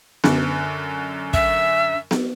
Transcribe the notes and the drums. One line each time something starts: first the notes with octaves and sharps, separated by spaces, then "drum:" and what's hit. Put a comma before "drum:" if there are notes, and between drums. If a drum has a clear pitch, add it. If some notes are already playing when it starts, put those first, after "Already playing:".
F#2 D3, drum: snare B3
E5, drum: kick
drum: snare B3